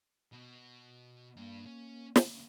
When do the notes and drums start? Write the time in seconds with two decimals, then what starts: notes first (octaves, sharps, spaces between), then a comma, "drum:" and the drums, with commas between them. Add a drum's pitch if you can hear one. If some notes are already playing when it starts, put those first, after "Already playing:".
0.32 B2
1.37 G2 A#3 D4
1.66 C#4
2.16 D2 C#3, drum: snare